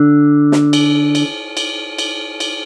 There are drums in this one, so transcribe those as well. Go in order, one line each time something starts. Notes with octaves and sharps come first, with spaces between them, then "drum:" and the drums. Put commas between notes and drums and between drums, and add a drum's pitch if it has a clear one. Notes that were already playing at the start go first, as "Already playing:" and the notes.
Already playing: D3
drum: snare
drum: cymbal
drum: cymbal
drum: cymbal
drum: cymbal
drum: cymbal